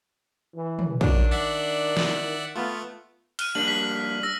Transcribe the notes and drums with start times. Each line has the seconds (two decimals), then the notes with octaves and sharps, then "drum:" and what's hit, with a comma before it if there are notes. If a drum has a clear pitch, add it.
0.54 E3
0.79 drum: tom
1.01 D#3 F#3 D4, drum: kick
1.31 D5 E5 F#5
1.97 drum: snare
2.56 A3 B3 F4
3.39 F6 F#6 D#7, drum: cymbal
3.55 G3 A#3 D4 F#7
3.68 B6 F#7
4.23 E6 A#6